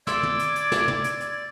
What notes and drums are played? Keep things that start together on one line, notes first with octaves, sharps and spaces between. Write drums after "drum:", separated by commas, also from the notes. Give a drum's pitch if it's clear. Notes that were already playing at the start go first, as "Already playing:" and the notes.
D5 C6 D6 E6 G#6, drum: snare
drum: tom
drum: hi-hat
drum: hi-hat
drum: snare
drum: tom
drum: hi-hat
drum: hi-hat